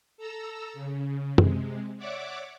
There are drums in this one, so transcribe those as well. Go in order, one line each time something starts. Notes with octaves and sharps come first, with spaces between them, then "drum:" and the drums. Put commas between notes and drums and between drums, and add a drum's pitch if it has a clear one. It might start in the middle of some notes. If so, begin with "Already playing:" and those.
A4 A#5 E6
C#3
C3 G#3, drum: tom
C#5 D5 E5 F#5 D6